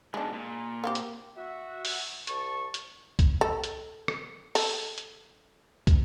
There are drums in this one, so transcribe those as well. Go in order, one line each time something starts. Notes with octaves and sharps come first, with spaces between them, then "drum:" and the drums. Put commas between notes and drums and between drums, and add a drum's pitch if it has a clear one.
G#2 B2 G#3 D4
A#2
A#3 C4 G4
drum: hi-hat
F#4 E5
drum: open hi-hat
C2 A5 C#6, drum: hi-hat
drum: hi-hat
drum: kick, hi-hat
A4
drum: hi-hat
drum: rim click
A4, drum: open hi-hat
drum: hi-hat
drum: kick, hi-hat